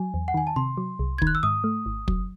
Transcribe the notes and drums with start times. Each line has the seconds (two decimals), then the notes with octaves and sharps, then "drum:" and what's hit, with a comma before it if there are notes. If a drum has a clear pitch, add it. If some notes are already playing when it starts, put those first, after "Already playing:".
Already playing: F#3 G#5
0.14 E2
0.28 F#5
0.34 D#3 G#5
0.47 A5
0.56 C3 C6
0.77 F#3
0.99 C2
1.18 G#6
1.22 D#3, drum: kick
1.27 F#6
1.35 E6
1.43 G#2 D#6
1.64 A3
1.86 G#1
2.08 F#3, drum: kick